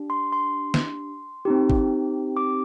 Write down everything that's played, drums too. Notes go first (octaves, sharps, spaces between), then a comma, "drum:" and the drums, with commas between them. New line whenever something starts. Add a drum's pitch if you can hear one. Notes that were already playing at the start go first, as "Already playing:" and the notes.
Already playing: D4 G4
C6
C6
drum: snare
C4 D#4 G4
drum: kick G#1
D6